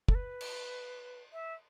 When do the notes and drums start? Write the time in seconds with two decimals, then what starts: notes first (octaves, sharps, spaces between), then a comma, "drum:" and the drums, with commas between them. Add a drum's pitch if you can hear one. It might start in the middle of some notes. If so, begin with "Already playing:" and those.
0.09 A4, drum: kick
0.15 B4
0.41 drum: cymbal
1.33 E5